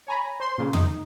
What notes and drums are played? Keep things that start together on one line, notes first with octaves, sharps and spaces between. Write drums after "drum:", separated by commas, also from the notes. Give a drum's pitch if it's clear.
C#5 G#5 A#5 B5
C5 C6
A#2 C#3
D#4, drum: tom